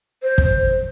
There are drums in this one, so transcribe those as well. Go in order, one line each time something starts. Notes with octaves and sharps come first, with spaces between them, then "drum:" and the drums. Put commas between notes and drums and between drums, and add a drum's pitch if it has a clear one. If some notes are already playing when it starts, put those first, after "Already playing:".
C5
drum: kick